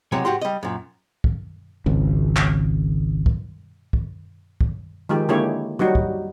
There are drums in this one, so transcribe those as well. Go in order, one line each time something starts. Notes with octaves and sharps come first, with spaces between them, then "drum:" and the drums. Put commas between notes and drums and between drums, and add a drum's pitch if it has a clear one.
E2 C3 F#3 G#3 C#5 F#5
G#2 F#4 G4 C6
G3 D#5
F#2 A#2
drum: kick
G#1 C#2
drum: clap
drum: kick
drum: kick
drum: kick
D#3 F3 G#3 G4
D3 G#3 A#3 E4 G4 C#5
F#3 G3 D#4 F#4
drum: kick